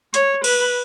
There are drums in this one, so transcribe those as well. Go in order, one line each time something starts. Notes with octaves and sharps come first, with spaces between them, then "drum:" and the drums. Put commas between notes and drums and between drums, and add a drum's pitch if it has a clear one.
C#5, drum: hi-hat
B4, drum: cymbal